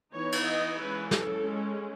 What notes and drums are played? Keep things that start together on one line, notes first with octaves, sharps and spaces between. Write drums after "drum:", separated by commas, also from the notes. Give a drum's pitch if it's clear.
E3 B3 D#4 C#5
drum: cymbal
D#5
E3 G#3 C#4 B4
A4, drum: snare
G#3 C#4